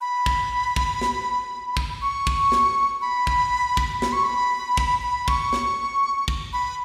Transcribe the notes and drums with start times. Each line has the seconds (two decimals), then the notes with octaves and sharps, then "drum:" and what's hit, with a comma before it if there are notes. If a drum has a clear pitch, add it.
0.01 B5
0.26 drum: kick
0.76 drum: kick
1.01 drum: snare
1.77 drum: kick
2.02 C#6
2.27 drum: kick
2.52 drum: snare
3.01 B5
3.27 drum: kick
3.77 drum: kick
4.02 B5, drum: snare
4.13 C#6
4.24 B5
4.77 drum: kick
5.02 B5
5.28 C#6, drum: kick
5.53 drum: snare
6.28 drum: kick
6.53 B5